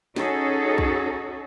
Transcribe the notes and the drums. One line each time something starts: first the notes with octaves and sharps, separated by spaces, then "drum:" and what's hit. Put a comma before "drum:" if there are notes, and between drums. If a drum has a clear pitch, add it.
C#4 D#4 F#4 G#4 A4, drum: snare
drum: kick B1